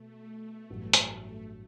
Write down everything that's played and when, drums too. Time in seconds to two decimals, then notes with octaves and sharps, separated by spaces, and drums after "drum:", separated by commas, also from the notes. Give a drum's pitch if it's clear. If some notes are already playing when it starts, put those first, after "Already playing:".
Already playing: B2 A3
0.70 A1 G2 F#3 B3
0.93 drum: hi-hat